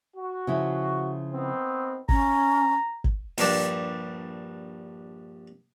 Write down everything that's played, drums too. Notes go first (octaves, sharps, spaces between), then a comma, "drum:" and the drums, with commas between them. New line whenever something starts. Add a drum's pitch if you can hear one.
F#4
C#3 F3 E4
D#3 B3 C4
C#4 A#5, drum: kick G1
drum: kick G1
A#1 G2 D4, drum: open hi-hat